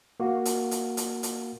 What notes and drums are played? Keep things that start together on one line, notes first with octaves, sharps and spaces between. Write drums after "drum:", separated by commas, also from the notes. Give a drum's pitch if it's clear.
A#3 F#4 F5
drum: hi-hat
drum: hi-hat
drum: hi-hat
drum: hi-hat